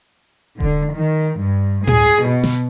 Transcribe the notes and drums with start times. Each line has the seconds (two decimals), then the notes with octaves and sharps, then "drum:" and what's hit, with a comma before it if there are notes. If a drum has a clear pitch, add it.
0.60 D3, drum: kick D#1
0.94 D#3
1.41 G2
1.87 G#4, drum: tom A2
2.25 B2
2.43 drum: snare